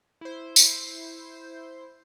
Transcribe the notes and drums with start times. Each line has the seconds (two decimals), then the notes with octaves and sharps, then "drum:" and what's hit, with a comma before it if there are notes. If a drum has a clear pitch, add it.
0.21 E4 C5
0.56 drum: tambourine